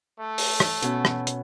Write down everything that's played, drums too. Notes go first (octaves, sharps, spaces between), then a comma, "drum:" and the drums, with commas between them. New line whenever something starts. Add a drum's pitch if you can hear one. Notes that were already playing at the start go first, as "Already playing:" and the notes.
A3
drum: open hi-hat
drum: rim click
B2 C#4, drum: hi-hat
drum: rim click
drum: hi-hat